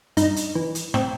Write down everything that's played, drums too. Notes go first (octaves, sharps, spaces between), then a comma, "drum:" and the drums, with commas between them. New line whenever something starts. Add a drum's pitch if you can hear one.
G2 D#4, drum: hi-hat
drum: hi-hat
E3
drum: hi-hat
A2 C4, drum: rim click